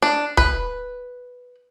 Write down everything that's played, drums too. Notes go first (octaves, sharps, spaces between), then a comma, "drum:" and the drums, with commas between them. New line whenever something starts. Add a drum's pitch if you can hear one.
D4
B4, drum: kick